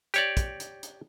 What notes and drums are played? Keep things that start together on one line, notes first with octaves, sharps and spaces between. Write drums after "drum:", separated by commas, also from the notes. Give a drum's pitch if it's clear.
G4 C#5 D5, drum: hi-hat
drum: kick, hi-hat
drum: hi-hat
drum: hi-hat